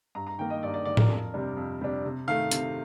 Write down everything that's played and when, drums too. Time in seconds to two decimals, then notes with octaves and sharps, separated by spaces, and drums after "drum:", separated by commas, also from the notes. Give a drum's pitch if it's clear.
0.15 G2 A#5
0.27 A#5
0.38 D#3 A#3 G5
0.50 D#5
0.63 G2 D5
0.74 D5
0.85 D#3 A#3 D5
0.97 A#4, drum: tom A2
1.09 F2
1.33 C3 G3 D4
1.57 F2
1.81 C3 G3 D4
2.05 C3
2.27 D#3 A3 F5
2.51 C3, drum: hi-hat